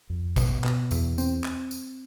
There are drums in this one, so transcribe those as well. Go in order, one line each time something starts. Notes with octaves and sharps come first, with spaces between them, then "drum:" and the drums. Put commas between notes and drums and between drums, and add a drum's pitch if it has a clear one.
F2
B2, drum: kick, tambourine
B2, drum: clap
E2, drum: tambourine
C4, drum: tambourine
drum: clap
drum: tambourine